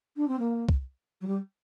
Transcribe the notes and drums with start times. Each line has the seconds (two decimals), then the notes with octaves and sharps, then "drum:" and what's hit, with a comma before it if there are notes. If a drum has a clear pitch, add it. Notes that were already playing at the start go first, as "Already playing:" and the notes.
0.17 D4
0.28 C4
0.39 A#3
0.69 drum: kick
1.21 F#3
1.27 G3